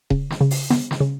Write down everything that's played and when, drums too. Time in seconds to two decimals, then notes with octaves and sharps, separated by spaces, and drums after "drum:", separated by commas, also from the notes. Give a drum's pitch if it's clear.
0.10 C#3, drum: kick D#1
0.30 drum: snare
0.41 C#3
0.51 drum: open hi-hat
0.70 B3, drum: snare
0.91 drum: snare
1.01 C#3